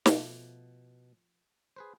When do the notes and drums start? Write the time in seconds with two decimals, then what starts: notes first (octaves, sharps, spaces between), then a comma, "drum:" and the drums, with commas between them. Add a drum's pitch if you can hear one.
0.06 B2 F3 A3, drum: snare
1.76 G#4 B4 C5